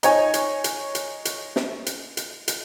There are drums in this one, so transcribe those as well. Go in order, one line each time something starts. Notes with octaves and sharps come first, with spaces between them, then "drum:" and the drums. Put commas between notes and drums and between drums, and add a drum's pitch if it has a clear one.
D#4 C#5 G#5, drum: hi-hat
drum: hi-hat
drum: hi-hat
drum: hi-hat
drum: hi-hat
drum: snare
drum: hi-hat
drum: hi-hat
drum: hi-hat